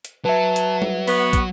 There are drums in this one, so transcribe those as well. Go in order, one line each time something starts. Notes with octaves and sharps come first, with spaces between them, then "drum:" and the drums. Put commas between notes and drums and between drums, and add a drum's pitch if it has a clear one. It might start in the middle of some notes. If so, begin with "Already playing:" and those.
drum: hi-hat
F#3 B4 E5 A5
drum: hi-hat
drum: tom G3
B3 C#6, drum: open hi-hat
drum: kick, hi-hat